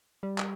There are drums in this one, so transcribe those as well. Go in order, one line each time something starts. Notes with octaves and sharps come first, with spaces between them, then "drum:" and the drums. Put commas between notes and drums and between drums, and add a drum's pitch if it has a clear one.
G3
drum: clap